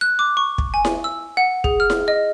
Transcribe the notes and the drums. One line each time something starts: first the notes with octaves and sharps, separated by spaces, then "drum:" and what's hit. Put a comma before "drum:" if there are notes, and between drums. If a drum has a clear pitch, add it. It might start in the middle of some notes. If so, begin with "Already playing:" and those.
F#6
D6
C#6
drum: kick
G#5
drum: snare E4
E6
F#5
G#4, drum: kick
F6
drum: snare E4
D#5